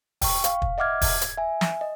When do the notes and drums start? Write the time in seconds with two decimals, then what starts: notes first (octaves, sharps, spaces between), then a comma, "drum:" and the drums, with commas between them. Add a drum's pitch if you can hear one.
0.22 G5 C#6, drum: kick, open hi-hat
0.44 F5, drum: hi-hat
0.62 drum: kick
0.78 D#5 E5 F#5 D6 F6 G#6
1.01 G#6, drum: kick, open hi-hat
1.21 drum: hi-hat
1.37 E5 G#5
1.61 drum: snare
1.81 D#5